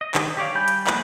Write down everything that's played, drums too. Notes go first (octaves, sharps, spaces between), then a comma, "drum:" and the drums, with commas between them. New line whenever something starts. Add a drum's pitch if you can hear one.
D#5
D#3 D4 G4 D#6, drum: clap
G4 C#5 D5 F5
G3 G#5 B5 G6
drum: hi-hat
F3 A#3 B4 B5, drum: clap